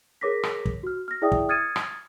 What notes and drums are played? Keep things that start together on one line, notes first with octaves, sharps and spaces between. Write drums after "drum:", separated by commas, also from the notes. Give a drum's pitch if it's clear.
G#4 A#4 C#5 D6 A#6 B6
drum: rim click
drum: kick
F#4 F6
F6 A#6
E4 G#4 D5 E5 G5 D#6
drum: kick
D#6 F6 G#6 A6 C#7 D#7
drum: rim click